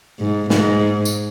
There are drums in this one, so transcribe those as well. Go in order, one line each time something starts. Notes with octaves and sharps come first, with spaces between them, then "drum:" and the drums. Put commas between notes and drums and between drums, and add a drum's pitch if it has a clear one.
G#2
G#2, drum: snare
drum: tambourine